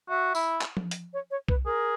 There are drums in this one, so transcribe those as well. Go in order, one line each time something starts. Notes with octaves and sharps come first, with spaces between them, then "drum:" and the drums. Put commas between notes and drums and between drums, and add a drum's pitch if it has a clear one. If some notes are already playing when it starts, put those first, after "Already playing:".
F#4 E5
E4, drum: tambourine
drum: clap
drum: tom F3
drum: hi-hat
C#5
C#5
B4, drum: kick B1
G#4 A#4